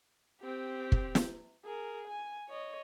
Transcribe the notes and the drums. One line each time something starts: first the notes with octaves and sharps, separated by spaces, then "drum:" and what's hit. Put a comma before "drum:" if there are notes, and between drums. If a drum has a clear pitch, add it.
C4 G4
drum: kick
drum: snare
G#4 A#4
G#5
C#5 D#5